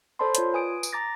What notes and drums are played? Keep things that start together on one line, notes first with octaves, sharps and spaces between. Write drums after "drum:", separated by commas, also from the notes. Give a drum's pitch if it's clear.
A4 C5 D5 A5 B5 C6
F4 C#5, drum: hi-hat
B4 G#5 D#6 D7
drum: tambourine
A#5 D6 A6 A#6